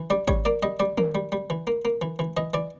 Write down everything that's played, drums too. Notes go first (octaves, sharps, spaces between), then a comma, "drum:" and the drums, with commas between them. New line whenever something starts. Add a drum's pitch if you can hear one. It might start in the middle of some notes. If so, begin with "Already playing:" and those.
Already playing: E3
G3 D5
G3 C#5, drum: kick G#1
A#3 D5
G3 D#5
G3 D5
A#3, drum: tom D#3
G3
G3
E3
A#3
A#3
E3
E3
E3 D#5
E3 D5